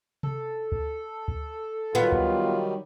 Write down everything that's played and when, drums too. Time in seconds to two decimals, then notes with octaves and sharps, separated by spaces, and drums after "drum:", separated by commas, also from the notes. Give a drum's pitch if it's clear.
0.23 A4, drum: tom C3
0.72 drum: kick
1.28 drum: kick
1.95 D#3 F#3 G3 B3 F4
2.12 drum: kick